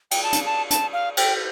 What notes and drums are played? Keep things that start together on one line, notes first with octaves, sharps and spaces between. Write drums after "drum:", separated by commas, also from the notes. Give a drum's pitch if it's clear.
G5, drum: cymbal
A5
drum: hi-hat
A5
A5, drum: hi-hat
F5
G5, drum: cymbal